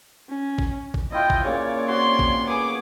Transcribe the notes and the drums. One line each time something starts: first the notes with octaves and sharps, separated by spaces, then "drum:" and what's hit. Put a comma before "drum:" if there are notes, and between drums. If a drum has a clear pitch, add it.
C#4
drum: kick
drum: kick
E4 F4 D#5 G5
drum: kick
A#2 C#3 C#5 D5
C4 F#4 C6
drum: kick
B3 G#4 C#5 D6